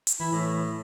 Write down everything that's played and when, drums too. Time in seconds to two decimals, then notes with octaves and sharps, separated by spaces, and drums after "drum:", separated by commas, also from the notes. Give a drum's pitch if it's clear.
0.07 drum: hi-hat
0.20 E3 E4
0.33 A2